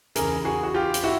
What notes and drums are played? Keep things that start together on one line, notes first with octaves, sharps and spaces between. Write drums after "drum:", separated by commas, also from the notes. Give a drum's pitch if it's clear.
E2 C#3 E3 G#4 A#4, drum: hi-hat
F#4 G#4
F#4
F4 G4
drum: hi-hat
E4 F#4